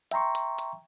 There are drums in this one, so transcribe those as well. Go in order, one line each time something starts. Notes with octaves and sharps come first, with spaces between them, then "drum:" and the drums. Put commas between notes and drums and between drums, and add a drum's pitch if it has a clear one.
E5 G5 A#5 C6 C#6, drum: hi-hat
drum: hi-hat
drum: hi-hat